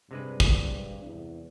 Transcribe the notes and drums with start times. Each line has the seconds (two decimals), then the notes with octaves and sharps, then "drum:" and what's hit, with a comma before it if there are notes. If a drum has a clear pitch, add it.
0.11 G2 C3 G#3 B4
0.40 drum: kick
1.04 E2